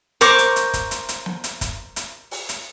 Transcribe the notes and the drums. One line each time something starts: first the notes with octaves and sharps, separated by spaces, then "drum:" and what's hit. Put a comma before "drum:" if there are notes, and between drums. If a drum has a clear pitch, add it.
A#4 C5 C#6 D6, drum: hi-hat
drum: hi-hat
drum: hi-hat
drum: kick, hi-hat
drum: hi-hat
drum: hi-hat
drum: snare
drum: hi-hat
drum: kick, hi-hat
drum: hi-hat
drum: open hi-hat
drum: hi-hat